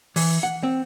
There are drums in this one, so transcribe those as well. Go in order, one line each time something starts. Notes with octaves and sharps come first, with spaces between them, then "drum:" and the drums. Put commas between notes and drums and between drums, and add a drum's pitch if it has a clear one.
E3, drum: open hi-hat
F#5
C4